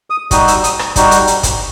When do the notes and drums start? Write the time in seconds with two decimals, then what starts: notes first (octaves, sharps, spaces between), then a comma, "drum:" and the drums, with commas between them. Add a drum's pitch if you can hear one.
0.10 D#6
0.31 G3 D#4 F#4 D#6, drum: kick, hi-hat
0.48 E6, drum: hi-hat
0.64 D#6, drum: hi-hat
0.79 drum: rim click
0.96 G3 D#4 F#4, drum: kick, hi-hat
1.11 drum: hi-hat
1.27 drum: hi-hat
1.43 drum: kick, hi-hat